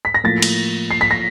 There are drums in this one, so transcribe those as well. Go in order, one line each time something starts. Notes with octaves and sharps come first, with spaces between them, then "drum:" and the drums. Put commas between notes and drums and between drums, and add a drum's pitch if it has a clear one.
B6
A#6
A2 F3 A#3 A6
drum: cymbal
C7
B6
A#6